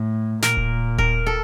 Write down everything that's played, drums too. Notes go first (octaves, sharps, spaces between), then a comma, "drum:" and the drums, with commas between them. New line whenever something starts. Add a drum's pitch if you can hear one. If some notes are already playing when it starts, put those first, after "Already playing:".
Already playing: A2
A#2 A#4, drum: snare
drum: kick D#1
A#4, drum: kick D#1
A4